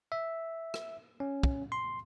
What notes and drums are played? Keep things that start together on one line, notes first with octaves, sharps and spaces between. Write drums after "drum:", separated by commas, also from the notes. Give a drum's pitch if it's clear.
E5
drum: rim click
C#4
drum: kick
C6